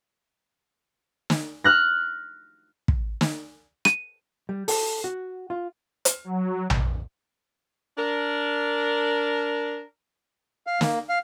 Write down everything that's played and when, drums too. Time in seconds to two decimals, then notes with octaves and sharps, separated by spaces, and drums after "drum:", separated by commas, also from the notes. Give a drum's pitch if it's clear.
1.30 drum: snare
1.64 F6 F#6 A#6
2.88 drum: kick
3.21 drum: snare
3.85 D#7, drum: rim click
4.49 G3
4.68 A4, drum: open hi-hat
5.04 F#4
5.50 F4
6.05 drum: hi-hat
6.24 F#3
6.70 drum: tom A#1
7.98 D4 A#4
10.67 F5
10.81 A#3, drum: snare
11.09 F5